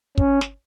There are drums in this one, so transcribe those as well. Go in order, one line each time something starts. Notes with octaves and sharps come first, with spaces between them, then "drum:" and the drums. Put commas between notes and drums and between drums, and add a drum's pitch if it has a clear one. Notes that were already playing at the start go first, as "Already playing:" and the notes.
C#4, drum: kick
drum: snare